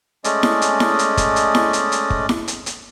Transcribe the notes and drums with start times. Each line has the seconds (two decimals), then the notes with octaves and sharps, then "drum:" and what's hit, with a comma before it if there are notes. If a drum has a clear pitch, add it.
0.24 G#3 A3 C#4 D5 D#5, drum: hi-hat
0.43 drum: snare E4
0.62 drum: hi-hat
0.80 drum: snare E4
0.99 drum: hi-hat
1.17 drum: kick, hi-hat
1.36 drum: hi-hat
1.55 drum: snare E4
1.73 drum: hi-hat
1.92 drum: hi-hat
2.10 drum: kick
2.29 drum: snare E4
2.48 drum: hi-hat
2.66 drum: hi-hat